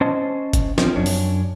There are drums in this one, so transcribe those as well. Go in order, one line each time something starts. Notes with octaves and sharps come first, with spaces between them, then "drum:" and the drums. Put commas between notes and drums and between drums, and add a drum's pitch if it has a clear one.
C#4 C5 D#5 A5
drum: kick F#1, hi-hat
F3 C4 C#4, drum: snare
F#2 D4 C#5
drum: open hi-hat